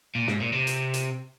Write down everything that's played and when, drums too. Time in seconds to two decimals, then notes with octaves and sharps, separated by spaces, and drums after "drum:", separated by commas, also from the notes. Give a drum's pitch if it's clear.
0.15 A#2
0.27 G#2, drum: snare
0.40 A#2
0.53 C3
0.67 drum: hi-hat
0.94 drum: hi-hat